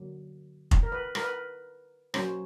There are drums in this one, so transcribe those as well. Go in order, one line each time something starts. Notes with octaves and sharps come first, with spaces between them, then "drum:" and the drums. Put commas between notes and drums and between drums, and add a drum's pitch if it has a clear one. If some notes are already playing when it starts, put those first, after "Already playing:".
Already playing: D3 F#3 A#3
drum: kick
A#4
B4
A#4, drum: rim click
B4
F#3 A#3 C#4 C5, drum: rim click